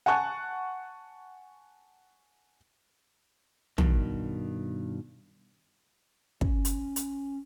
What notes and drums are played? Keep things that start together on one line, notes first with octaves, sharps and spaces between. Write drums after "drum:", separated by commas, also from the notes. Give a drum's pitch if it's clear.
F#5 G#5 A5 C#6 F#6
G2 B2 D#3, drum: tom
C#4, drum: kick
drum: hi-hat
drum: hi-hat